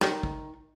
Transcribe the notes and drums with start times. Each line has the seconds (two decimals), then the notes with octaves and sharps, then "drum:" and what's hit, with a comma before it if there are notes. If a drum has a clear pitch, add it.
0.01 D#3, drum: snare
0.23 drum: kick